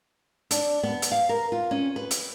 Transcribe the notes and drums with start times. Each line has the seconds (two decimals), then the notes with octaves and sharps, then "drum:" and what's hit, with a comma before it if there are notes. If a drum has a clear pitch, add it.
0.51 D4, drum: hi-hat
0.83 B3
1.02 drum: hi-hat
1.11 F5
1.29 A#4
1.52 F4
1.71 C#4
1.96 B4
2.11 drum: hi-hat